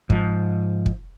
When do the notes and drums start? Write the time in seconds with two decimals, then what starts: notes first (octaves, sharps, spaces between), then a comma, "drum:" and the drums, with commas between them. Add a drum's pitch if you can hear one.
0.10 G#2 F3, drum: kick
0.86 drum: kick